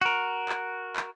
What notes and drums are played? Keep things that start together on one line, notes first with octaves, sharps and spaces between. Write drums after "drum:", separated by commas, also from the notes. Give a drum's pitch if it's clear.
F#4 A#4
drum: clap
drum: clap